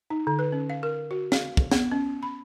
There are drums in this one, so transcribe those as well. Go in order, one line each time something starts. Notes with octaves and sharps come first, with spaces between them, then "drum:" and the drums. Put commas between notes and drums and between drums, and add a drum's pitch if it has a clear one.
D#4
D3
B4
C#4
F5
A#4
F#4
F5, drum: snare
drum: kick
B3, drum: snare
C#4
B5